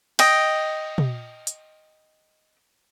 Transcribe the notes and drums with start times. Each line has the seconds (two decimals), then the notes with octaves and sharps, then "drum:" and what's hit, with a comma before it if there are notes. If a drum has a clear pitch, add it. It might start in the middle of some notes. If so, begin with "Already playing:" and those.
0.19 D#5 G5, drum: cymbal
0.98 drum: tom
1.47 drum: hi-hat